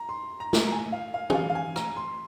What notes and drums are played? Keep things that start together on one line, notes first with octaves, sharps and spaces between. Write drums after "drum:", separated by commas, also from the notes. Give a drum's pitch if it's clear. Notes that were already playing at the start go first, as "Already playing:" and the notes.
Already playing: A#5
C6
A#5
drum: snare
A#5
G#5
F5
F5
G#5, drum: tom
F5
F5
G#5
A#5, drum: rim click
C6